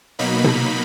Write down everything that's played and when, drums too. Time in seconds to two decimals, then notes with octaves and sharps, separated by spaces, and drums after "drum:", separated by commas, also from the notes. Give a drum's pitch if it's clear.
0.19 B2 F#3 A#3 D#4 B5
0.44 drum: tom C3